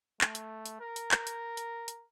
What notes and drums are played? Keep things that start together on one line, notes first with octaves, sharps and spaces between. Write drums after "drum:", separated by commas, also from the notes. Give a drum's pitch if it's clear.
A3, drum: clap
drum: hi-hat
drum: hi-hat
A#4
drum: hi-hat
drum: clap
drum: hi-hat
drum: hi-hat
drum: hi-hat